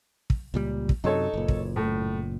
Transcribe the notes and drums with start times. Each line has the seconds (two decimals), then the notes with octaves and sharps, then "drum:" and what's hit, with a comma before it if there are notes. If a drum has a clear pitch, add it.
0.30 drum: kick
0.54 C#2 A#2 G3
0.89 drum: kick
1.04 F#2 C3 F#3 D#4 A4 C#5
1.34 F#1 A#2
1.48 drum: kick
1.76 A2